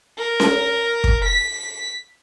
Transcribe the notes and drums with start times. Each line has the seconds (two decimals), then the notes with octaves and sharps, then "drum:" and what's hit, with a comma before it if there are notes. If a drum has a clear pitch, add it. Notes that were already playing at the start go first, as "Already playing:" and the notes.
0.18 A#4
0.40 drum: snare C#4
1.04 drum: kick
1.25 B6